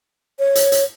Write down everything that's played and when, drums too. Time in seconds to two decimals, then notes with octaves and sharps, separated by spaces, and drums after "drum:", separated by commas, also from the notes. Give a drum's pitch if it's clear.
0.39 C#5
0.55 drum: hi-hat
0.72 drum: hi-hat